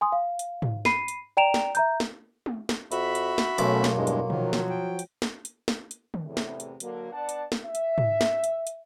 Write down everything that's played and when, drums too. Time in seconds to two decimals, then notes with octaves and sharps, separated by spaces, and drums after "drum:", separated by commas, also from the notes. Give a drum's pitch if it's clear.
0.01 G#5 C6 D#6
0.12 F5
0.39 drum: hi-hat
0.62 drum: tom G#2
0.85 B5 C7 D#7, drum: snare
1.08 drum: hi-hat
1.37 D5 G5 A#5 D7 E7 F7
1.54 drum: snare
1.75 E5 A#5 G6, drum: hi-hat
2.00 drum: snare
2.46 drum: tom
2.69 drum: snare
2.92 F2 F#4 E5 B5, drum: hi-hat
3.15 drum: hi-hat
3.38 drum: snare
3.58 B1 A3 A#3 C#4 D6, drum: hi-hat
3.84 drum: snare
3.96 E2 G2 G#3
4.07 drum: hi-hat
4.30 D#3 F3 F#3, drum: tom B2
4.53 drum: snare
4.70 G5
4.99 drum: hi-hat
5.22 drum: snare
5.45 drum: hi-hat
5.68 drum: snare
5.91 drum: hi-hat
6.14 drum: tom D3
6.25 E2 A2 C3
6.37 drum: snare
6.60 drum: hi-hat
6.80 D3 F#3 A#3, drum: hi-hat
7.12 B3 D4 D5 F#5 A5
7.29 drum: hi-hat
7.52 drum: snare
7.64 E5
7.75 drum: hi-hat
7.98 drum: tom G#2
8.21 drum: snare
8.44 drum: hi-hat
8.67 drum: hi-hat